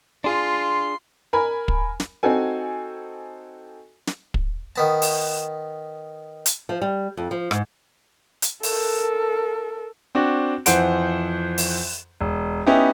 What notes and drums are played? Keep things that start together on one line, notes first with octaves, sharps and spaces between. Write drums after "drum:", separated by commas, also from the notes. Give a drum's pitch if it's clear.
D4 F4 G#4 C6
A#4 G#5 B5
drum: kick
drum: snare
C4 D#4 F#4 A4 G#5
drum: snare
drum: kick
D#3 B3 A5
drum: open hi-hat
drum: hi-hat
F3
G3
F2
F3
G#2, drum: rim click
drum: hi-hat
A4 A#4, drum: open hi-hat
C4 D4 F#4
F2 E3 C5 F#5 D7, drum: hi-hat
drum: open hi-hat
E1
B3 C#4 D#4 E4 G4